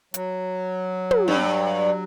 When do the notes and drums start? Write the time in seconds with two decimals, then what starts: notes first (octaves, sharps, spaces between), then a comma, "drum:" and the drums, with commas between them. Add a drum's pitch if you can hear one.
0.14 F#3, drum: hi-hat
1.11 drum: tom
1.28 G2